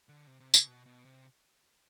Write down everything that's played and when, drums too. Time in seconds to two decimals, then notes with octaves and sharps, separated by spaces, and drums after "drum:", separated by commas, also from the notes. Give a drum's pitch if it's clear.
0.09 D3
0.27 C3
0.40 C3
0.54 C#3, drum: tambourine
0.67 B2
0.86 B2
1.05 C3